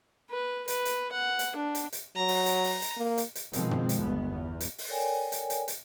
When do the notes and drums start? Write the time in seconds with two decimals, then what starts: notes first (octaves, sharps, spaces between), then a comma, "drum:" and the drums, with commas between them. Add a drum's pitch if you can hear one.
0.30 B4
0.68 B4, drum: hi-hat
0.85 drum: hi-hat
1.12 F#5
1.39 drum: hi-hat
1.56 D4
1.75 drum: hi-hat
1.92 drum: hi-hat
2.16 F#3 A#5
2.28 drum: open hi-hat
2.46 drum: hi-hat
2.64 drum: open hi-hat
2.82 drum: hi-hat
2.97 A#3
3.18 drum: hi-hat
3.35 drum: hi-hat
3.53 B2 D#3 F3 G#3 C4, drum: hi-hat
3.71 drum: tom
3.89 drum: hi-hat
3.99 G1 D#2 B3
4.32 E2
4.60 drum: hi-hat
4.78 drum: open hi-hat
4.88 A4 A#4 C#5 D5 G5 G#5
5.32 drum: hi-hat
5.50 drum: hi-hat
5.68 drum: hi-hat